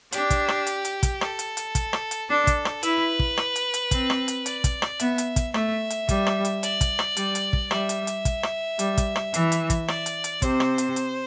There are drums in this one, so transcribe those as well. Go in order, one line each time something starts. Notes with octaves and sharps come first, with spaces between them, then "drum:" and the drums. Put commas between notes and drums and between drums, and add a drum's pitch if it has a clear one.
D4 G4, drum: hi-hat
drum: kick, hi-hat
drum: rim click
drum: hi-hat
drum: hi-hat
drum: kick, hi-hat
A4, drum: rim click
drum: hi-hat
drum: hi-hat
drum: kick, hi-hat
drum: rim click
drum: hi-hat
D4 A4
drum: kick, hi-hat
drum: rim click
E4 B4, drum: hi-hat
drum: kick
drum: rim click
drum: hi-hat
drum: hi-hat
C4, drum: kick, hi-hat
drum: rim click
drum: hi-hat
D5, drum: hi-hat
drum: kick, hi-hat
drum: rim click
B3 E5, drum: hi-hat
drum: hi-hat
drum: kick, hi-hat
A3 E5, drum: rim click
drum: hi-hat
G3, drum: kick, hi-hat
drum: rim click
drum: hi-hat
D5, drum: hi-hat
drum: kick, hi-hat
drum: rim click
G3, drum: hi-hat
drum: hi-hat
drum: kick
G3 E5, drum: rim click
drum: hi-hat
drum: hi-hat
drum: kick, hi-hat
drum: rim click
G3, drum: hi-hat
drum: kick, hi-hat
drum: rim click
E3, drum: hi-hat
drum: hi-hat
drum: kick, hi-hat
D5, drum: rim click
drum: hi-hat
drum: hi-hat
C3 C5, drum: kick, hi-hat
drum: rim click
drum: hi-hat
drum: hi-hat